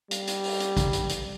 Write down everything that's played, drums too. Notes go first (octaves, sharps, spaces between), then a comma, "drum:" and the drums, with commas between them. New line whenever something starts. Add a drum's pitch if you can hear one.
G3, drum: hi-hat
drum: hi-hat
drum: open hi-hat
drum: hi-hat
drum: kick A1, hi-hat
drum: hi-hat
drum: hi-hat